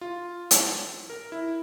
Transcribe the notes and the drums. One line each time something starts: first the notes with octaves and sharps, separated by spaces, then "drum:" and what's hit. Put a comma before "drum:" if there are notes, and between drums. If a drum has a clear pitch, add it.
F4
A5, drum: hi-hat
A#4
E4